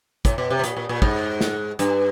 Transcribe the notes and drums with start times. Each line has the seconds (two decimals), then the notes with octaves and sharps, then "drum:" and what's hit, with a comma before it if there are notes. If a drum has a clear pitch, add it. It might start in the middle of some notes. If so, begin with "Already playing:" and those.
0.25 A2, drum: kick, hi-hat
0.38 B2
0.50 C3
0.59 B2
0.64 A#2, drum: hi-hat
0.77 A#2
0.89 A#2
1.02 G#2, drum: kick
1.41 drum: snare
1.79 G2, drum: hi-hat